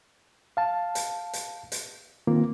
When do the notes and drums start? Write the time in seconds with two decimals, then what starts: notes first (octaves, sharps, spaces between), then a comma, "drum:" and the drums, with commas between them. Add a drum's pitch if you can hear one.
0.57 F5 A5
0.95 drum: hi-hat
1.33 drum: hi-hat
1.72 drum: hi-hat
2.27 D#3 A#3 C4 F4